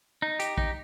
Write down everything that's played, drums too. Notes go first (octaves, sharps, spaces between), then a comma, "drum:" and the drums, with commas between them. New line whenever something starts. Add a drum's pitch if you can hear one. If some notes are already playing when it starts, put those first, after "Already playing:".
D#4
G4, drum: hi-hat
D#4, drum: kick